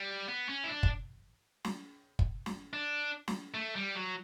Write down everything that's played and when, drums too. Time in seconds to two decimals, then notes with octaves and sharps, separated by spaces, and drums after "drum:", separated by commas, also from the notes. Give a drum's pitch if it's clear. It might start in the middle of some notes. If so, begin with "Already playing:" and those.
Already playing: G3
0.28 B3
0.49 C#4
0.64 E4
0.69 D4
0.83 drum: kick
1.65 drum: snare
2.19 drum: kick
2.46 drum: snare
2.73 D4
3.28 drum: snare
3.54 A3
3.76 G3
3.95 F#3